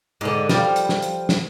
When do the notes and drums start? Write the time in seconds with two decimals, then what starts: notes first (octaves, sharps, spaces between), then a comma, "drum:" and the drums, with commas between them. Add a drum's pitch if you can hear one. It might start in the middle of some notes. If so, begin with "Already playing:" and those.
0.21 G#2 D3
0.49 F3 G3, drum: snare
0.76 drum: hi-hat
0.89 drum: snare
1.02 drum: hi-hat
1.29 drum: snare